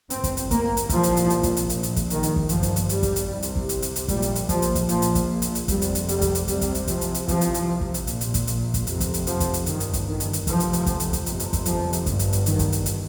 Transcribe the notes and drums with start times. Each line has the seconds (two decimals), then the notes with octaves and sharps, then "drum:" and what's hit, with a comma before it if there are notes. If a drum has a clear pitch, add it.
0.10 G1 G2 C4, drum: hi-hat
0.24 drum: kick, hi-hat
0.37 drum: hi-hat
0.51 A#3, drum: kick, hi-hat
0.77 drum: hi-hat
0.89 C2 A#2 F3, drum: kick, hi-hat
1.03 drum: hi-hat
1.17 drum: hi-hat
1.30 drum: hi-hat
1.43 drum: kick, hi-hat
1.56 drum: hi-hat
1.69 A#1 A#2, drum: hi-hat
1.83 drum: hi-hat
1.96 drum: kick, hi-hat
2.10 D#3, drum: hi-hat
2.23 drum: hi-hat
2.36 drum: kick
2.49 G1 G2 F3, drum: hi-hat
2.63 drum: kick, hi-hat
2.76 drum: hi-hat
2.89 G3, drum: hi-hat
3.03 drum: kick, hi-hat
3.16 drum: hi-hat
3.29 C2 C3
3.42 drum: hi-hat
3.56 drum: kick
3.69 drum: hi-hat
3.82 drum: hi-hat
3.96 drum: hi-hat
4.08 A#1 A#2 G3, drum: kick, hi-hat
4.22 drum: hi-hat
4.35 drum: hi-hat
4.49 F3, drum: kick, hi-hat
4.62 drum: hi-hat
4.75 drum: kick, hi-hat
4.89 A#1 A#2 F3, drum: hi-hat
5.02 drum: hi-hat
5.15 drum: kick, hi-hat
5.42 drum: hi-hat
5.55 drum: hi-hat
5.68 F1 F2 C3 G3, drum: kick, hi-hat
5.82 drum: hi-hat
5.95 drum: hi-hat
6.09 G3, drum: hi-hat
6.21 drum: kick, hi-hat
6.35 drum: hi-hat
6.48 C2 C3 G3, drum: hi-hat
6.61 drum: kick, hi-hat
6.75 drum: hi-hat
6.88 F3, drum: kick, hi-hat
7.01 drum: hi-hat
7.14 drum: hi-hat
7.28 C2 C3 F3, drum: kick, hi-hat
7.41 drum: hi-hat
7.54 drum: hi-hat
7.81 drum: kick
7.94 drum: hi-hat
8.07 A#1 A#2, drum: hi-hat
8.21 drum: hi-hat
8.34 drum: kick, hi-hat
8.47 drum: hi-hat
8.74 drum: kick, hi-hat
8.87 F1 F2 C3, drum: hi-hat
9.00 drum: kick, hi-hat
9.14 drum: hi-hat
9.27 F3, drum: hi-hat
9.40 drum: kick, hi-hat
9.54 drum: hi-hat
9.66 G1 G2 D#3, drum: hi-hat
9.80 drum: hi-hat
9.93 drum: kick, hi-hat
10.07 D#3
10.20 drum: hi-hat
10.33 drum: hi-hat
10.47 F1 F2 C3 F3, drum: kick, hi-hat
10.60 drum: hi-hat
10.73 drum: hi-hat
10.86 drum: kick, hi-hat
11.00 drum: hi-hat
11.13 drum: kick, hi-hat
11.26 G1 F2 C3, drum: hi-hat
11.40 drum: hi-hat
11.53 drum: kick, hi-hat
11.66 F3, drum: hi-hat
11.93 drum: hi-hat
12.06 G1 G2, drum: kick, hi-hat
12.19 drum: hi-hat
12.33 drum: hi-hat
12.46 D#3, drum: hi-hat
12.59 drum: kick, hi-hat
12.72 drum: hi-hat
12.86 drum: hi-hat